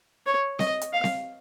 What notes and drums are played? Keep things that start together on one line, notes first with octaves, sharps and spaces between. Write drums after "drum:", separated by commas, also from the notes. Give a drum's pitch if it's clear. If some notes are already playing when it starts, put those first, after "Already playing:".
C#5
D#5, drum: snare C4
drum: hi-hat
F5
drum: snare C4